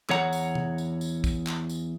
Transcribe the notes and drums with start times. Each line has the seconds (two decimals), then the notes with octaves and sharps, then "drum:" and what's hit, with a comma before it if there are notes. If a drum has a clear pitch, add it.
0.10 E2 C#5 F#5 A#5, drum: clap
0.33 drum: tambourine
0.55 drum: tom C3
0.78 drum: tambourine
1.01 drum: tambourine
1.24 drum: kick, tambourine
1.47 drum: clap
1.70 drum: tambourine